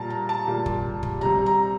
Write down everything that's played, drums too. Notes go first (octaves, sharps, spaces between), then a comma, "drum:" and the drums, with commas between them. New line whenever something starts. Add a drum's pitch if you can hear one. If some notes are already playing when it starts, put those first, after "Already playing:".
Already playing: A#2 G3 A5 A#5
A#5
A5
A#2 G3
drum: kick
drum: kick
C3 G3 A#5
A#5